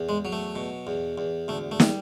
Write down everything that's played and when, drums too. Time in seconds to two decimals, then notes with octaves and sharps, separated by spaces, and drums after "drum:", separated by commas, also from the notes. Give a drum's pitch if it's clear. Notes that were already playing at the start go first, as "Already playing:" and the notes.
Already playing: E2
0.09 G#3
0.25 F#3
0.32 A3
0.55 B2
0.87 E2
1.18 E2
1.48 D2 A3
1.72 A3
1.80 G3, drum: snare